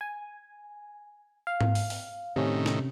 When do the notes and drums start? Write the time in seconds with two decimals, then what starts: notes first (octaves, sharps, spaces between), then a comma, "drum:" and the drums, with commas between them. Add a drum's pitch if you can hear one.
0.01 G#5
1.47 F5
1.61 drum: tom G#2
1.75 drum: open hi-hat
1.90 drum: open hi-hat
2.36 A2 C3 D#3 C#4
2.66 drum: snare